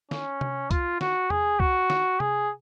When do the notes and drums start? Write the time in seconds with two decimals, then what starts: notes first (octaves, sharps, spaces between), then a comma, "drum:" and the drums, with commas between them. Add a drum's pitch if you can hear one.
0.11 C#4, drum: snare
0.41 drum: tom C3
0.71 F4, drum: kick, hi-hat
1.01 F#4, drum: snare
1.30 G#4, drum: tom E2
1.60 F#4, drum: kick
1.90 drum: snare
2.20 G#4, drum: tom C3